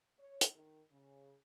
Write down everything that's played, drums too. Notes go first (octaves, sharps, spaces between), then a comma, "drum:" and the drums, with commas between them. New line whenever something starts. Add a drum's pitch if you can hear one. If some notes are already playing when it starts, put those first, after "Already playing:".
C#5
drum: hi-hat
D#3
C#3